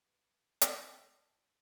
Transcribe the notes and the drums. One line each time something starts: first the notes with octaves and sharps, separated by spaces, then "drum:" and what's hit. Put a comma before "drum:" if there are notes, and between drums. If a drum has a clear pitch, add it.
B4
E5, drum: hi-hat
A5